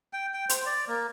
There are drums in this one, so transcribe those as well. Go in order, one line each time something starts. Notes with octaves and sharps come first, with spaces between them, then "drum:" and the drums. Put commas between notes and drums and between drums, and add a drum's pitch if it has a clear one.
G5
G5
C5, drum: hi-hat
D5
A#3